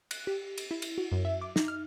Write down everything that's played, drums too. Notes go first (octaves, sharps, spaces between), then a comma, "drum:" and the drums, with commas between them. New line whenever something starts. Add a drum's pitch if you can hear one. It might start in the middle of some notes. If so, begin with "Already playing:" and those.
F#6, drum: cymbal
G4
drum: cymbal
E4
drum: cymbal
F#4
F#2
E5
D6
D#4, drum: snare
F6